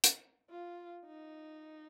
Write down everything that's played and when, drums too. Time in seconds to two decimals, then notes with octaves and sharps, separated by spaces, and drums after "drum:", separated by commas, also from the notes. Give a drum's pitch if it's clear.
0.04 drum: hi-hat
0.50 F4
1.07 D#4